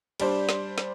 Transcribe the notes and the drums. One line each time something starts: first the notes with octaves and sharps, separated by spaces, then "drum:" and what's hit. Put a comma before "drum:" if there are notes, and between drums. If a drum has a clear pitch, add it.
G3 D4 C5, drum: cymbal
drum: snare
drum: snare